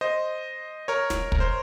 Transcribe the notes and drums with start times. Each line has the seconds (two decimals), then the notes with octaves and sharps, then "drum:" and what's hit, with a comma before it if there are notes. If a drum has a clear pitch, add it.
0.01 C5 D#5
0.88 A#4 C#5
1.10 drum: snare
1.32 A#4, drum: kick
1.40 C5